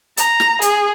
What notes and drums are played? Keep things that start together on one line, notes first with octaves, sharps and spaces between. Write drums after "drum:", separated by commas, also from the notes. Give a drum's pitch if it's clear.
A#5, drum: hi-hat
drum: snare
G#4, drum: hi-hat